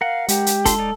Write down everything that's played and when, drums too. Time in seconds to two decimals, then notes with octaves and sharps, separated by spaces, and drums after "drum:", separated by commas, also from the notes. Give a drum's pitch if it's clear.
0.01 A#4 F5 F#5
0.28 G#3 G4, drum: hi-hat
0.46 drum: hi-hat
0.66 D4 F4 A4 C6, drum: kick, hi-hat
0.79 D#4 D5